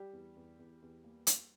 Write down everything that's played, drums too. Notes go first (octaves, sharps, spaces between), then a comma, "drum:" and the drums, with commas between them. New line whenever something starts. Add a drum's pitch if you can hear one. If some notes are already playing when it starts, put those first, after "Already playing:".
Already playing: G3 G4
E2
E2
E2
E2
A#3
A#3, drum: hi-hat